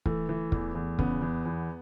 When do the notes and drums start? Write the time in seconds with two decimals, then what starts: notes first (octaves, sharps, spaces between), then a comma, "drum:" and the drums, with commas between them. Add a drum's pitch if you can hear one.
0.06 E3 A3, drum: kick
0.29 E3
0.52 E2, drum: kick
0.75 E2
0.99 C#3 B3, drum: kick
1.21 E2
1.45 E2